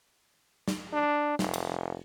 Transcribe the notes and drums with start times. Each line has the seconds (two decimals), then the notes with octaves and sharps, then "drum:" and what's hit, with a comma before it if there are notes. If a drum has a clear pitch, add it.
0.68 drum: snare
0.93 D4
1.39 F1, drum: snare
1.54 drum: cymbal